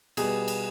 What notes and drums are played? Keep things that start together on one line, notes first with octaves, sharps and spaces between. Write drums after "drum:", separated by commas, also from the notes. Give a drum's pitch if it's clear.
B2 G3 B3 G#4, drum: cymbal
drum: cymbal